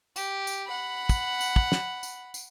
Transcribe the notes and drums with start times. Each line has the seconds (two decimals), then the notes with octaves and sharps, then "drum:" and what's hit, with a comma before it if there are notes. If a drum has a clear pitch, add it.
0.16 G4, drum: tambourine
0.47 drum: tambourine
0.67 F#5 B5
1.09 drum: kick, tambourine
1.41 drum: tambourine
1.56 drum: kick
1.72 drum: snare
2.03 drum: tambourine
2.34 drum: tambourine